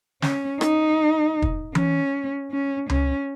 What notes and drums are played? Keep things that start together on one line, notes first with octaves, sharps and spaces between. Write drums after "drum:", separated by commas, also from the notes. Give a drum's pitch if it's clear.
C#4, drum: snare
D#4, drum: rim click
drum: kick
C#4, drum: tom E3
C#4
C#4, drum: tom C#2